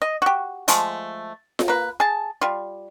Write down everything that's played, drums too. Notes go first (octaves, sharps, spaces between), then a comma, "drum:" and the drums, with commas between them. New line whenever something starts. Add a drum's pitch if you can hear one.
D#5
F#4 G4
F3 G#3 A3, drum: hi-hat
drum: snare F4
A#3 B4
G#4 A5
G3 F4